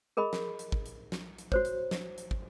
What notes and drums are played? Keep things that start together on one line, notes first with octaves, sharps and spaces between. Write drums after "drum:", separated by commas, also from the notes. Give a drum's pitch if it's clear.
G#4 A#4 D#5 B5
drum: snare
drum: hi-hat
drum: kick
drum: hi-hat
drum: snare
drum: hi-hat
F#4 C5 C#5, drum: kick
drum: hi-hat
drum: snare
drum: hi-hat
drum: kick